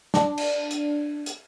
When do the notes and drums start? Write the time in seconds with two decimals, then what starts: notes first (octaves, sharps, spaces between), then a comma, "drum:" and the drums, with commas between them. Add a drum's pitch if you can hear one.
0.14 D4, drum: snare
0.38 drum: cymbal
0.71 drum: hi-hat
1.26 drum: hi-hat